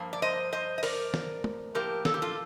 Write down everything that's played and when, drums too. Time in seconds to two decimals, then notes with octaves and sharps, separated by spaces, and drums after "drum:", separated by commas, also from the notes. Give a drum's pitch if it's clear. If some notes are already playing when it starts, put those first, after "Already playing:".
Already playing: G2 F3 A#3
0.13 D5
0.22 C5 D#5
0.53 C5 D#5
0.78 D#5
0.83 A#4 D5, drum: open hi-hat
1.14 drum: snare
1.44 drum: tom
1.75 A2 F3 A#3 G4 A#4
2.05 A4, drum: snare
2.14 G4
2.22 F4 A4